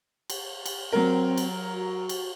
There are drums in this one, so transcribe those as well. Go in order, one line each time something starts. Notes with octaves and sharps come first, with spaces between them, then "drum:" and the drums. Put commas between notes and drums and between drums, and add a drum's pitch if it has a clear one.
drum: cymbal
drum: cymbal
F#3 C4 A#4
drum: cymbal
F#4
drum: cymbal